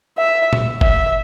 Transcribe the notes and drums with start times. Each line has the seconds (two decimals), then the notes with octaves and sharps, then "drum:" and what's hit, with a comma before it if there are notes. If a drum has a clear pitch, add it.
0.18 E5
0.53 drum: tom A#2
0.81 E5, drum: kick G1